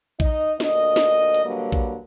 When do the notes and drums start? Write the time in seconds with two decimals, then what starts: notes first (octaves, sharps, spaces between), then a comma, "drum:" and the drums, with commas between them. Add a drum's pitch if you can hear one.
0.20 D#4 D#5, drum: kick A#1
0.60 D2 A#2 D#5, drum: snare
0.96 drum: snare
1.34 drum: hi-hat
1.44 D3 F#3 G3 A#3 B4
1.72 drum: kick A#1